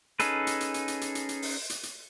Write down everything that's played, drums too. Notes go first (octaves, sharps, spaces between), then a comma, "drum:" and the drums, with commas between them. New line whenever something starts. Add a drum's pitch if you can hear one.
C#4 D#4 G#4 A4 B4, drum: hi-hat
drum: hi-hat
drum: hi-hat
drum: hi-hat
drum: hi-hat
drum: hi-hat
drum: hi-hat
drum: hi-hat
drum: open hi-hat
drum: hi-hat
drum: hi-hat